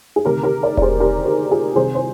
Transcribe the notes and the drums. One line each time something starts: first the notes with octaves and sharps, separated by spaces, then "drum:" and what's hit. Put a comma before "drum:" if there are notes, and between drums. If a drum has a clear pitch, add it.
G#4
D2 C3 D#3 G4 A#4
G4 A#4
A#4 D5
D5, drum: kick E1
G#4 C5
G4 A#4
D#4 G4
F4 G#4
C2 C3 D#3 G#4 C5
C5